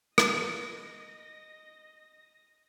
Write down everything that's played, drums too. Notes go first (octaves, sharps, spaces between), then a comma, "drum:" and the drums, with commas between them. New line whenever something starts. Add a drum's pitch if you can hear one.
D#5 A#6, drum: rim click